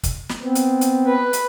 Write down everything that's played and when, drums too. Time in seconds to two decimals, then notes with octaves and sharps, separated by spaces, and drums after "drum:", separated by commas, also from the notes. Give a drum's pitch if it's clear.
0.03 drum: kick, hi-hat
0.29 drum: snare
0.42 B3 C4
0.55 drum: hi-hat
0.81 drum: hi-hat
1.07 B4
1.33 drum: hi-hat